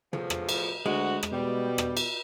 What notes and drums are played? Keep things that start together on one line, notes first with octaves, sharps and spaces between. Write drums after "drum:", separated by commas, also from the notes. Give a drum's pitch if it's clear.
E2 A2 F3, drum: tom
drum: rim click
drum: cymbal
D2 G#3 F#4
drum: rim click
B2 G3 G4
drum: rim click
drum: cymbal